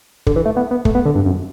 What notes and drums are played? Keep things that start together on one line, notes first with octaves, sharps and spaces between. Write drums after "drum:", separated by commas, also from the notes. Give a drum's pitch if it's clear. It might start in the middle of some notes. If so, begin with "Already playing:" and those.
D3, drum: kick
E3
A3
B3
B3
A3, drum: kick
B3
D3
G2
F#2